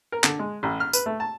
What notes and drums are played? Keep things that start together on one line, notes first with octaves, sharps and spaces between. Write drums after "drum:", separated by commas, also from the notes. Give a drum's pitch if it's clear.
A#4
D3, drum: clap
G#3
A1
F6
B4, drum: tambourine
A3
A5